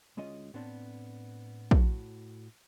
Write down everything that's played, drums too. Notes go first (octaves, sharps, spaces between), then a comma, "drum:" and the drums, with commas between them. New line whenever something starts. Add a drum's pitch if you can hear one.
D2 G#3 C#4 F4 D#5
A2 B3 C4 D4
A2 F#4, drum: kick A#1